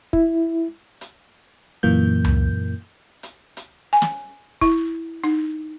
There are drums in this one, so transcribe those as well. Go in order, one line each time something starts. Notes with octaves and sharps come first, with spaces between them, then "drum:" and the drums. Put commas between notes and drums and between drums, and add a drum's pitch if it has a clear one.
E4, drum: kick
drum: hi-hat
F#2 A#2 E3 A#3 G6
drum: tom C#2
drum: hi-hat
drum: hi-hat
G#5
drum: snare
E4, drum: kick
D#4